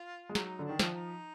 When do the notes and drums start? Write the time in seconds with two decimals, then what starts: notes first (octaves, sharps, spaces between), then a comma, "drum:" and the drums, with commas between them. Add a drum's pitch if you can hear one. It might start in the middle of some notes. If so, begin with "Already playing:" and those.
Already playing: F4
0.29 G#3
0.35 F#3 D#4, drum: snare
0.59 D3
0.64 D#3 D4
0.79 F3, drum: snare
0.94 D#4